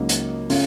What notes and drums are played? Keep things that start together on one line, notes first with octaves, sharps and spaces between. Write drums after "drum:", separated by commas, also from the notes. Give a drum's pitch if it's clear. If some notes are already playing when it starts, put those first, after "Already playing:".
Already playing: C#2 C#3 F#3 A#3 D#4
drum: hi-hat
C#3 A3 C#4 F4, drum: open hi-hat